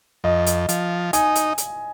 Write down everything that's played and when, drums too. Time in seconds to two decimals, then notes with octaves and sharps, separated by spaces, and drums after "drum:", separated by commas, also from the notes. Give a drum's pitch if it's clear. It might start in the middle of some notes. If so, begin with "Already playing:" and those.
0.24 F2 D#5
0.46 drum: hi-hat
0.69 F3, drum: hi-hat
1.13 D#4 G#5, drum: hi-hat
1.35 drum: hi-hat
1.58 drum: hi-hat